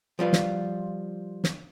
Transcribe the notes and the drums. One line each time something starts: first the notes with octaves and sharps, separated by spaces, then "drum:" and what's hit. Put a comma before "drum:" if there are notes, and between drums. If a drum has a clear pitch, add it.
F3 G3 F4 B4
drum: snare
drum: snare